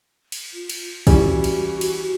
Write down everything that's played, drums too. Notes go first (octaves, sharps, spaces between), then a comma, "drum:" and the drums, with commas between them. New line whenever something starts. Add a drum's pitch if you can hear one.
drum: cymbal
F4
drum: cymbal
E3 G3 C#4, drum: kick, cymbal
F#4
drum: cymbal
drum: cymbal